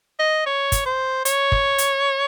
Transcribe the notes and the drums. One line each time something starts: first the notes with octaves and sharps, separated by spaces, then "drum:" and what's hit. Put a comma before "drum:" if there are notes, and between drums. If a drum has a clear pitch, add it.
D#5
C#5
drum: kick, hi-hat
C5
C#5, drum: hi-hat
drum: kick
drum: hi-hat